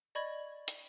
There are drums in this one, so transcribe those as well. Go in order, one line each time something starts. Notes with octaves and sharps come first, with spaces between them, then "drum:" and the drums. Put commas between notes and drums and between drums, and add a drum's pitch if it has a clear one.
D5 D#5 B5 C#6 G#6
drum: hi-hat